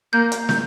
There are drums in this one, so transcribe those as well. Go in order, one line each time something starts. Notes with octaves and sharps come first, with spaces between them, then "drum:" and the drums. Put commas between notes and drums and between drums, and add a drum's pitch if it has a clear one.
A#3 G6
drum: hi-hat
G6, drum: snare